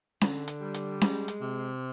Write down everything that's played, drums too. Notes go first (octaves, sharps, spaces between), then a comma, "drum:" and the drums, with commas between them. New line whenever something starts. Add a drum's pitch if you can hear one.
D3, drum: snare C#4
drum: hi-hat
G3
drum: hi-hat
G#3, drum: snare C#4
drum: hi-hat
C3